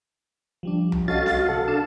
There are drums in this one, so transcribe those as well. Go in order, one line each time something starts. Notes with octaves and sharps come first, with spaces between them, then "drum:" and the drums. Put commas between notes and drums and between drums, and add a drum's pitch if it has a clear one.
F3 G3 D4
drum: tom C2
C#4 F#4 A4 D#5 F5 A6
drum: snare
C3 A4 F#5
D4 F5 A5